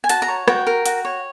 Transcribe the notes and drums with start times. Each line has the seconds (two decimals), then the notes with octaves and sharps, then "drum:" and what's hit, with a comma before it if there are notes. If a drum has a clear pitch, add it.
0.04 G#5
0.09 F#4 A5, drum: hi-hat
0.22 A#5
0.28 C#5
0.48 F#4 G5, drum: rim click
0.67 A#4
0.86 F#4, drum: hi-hat
1.05 C#5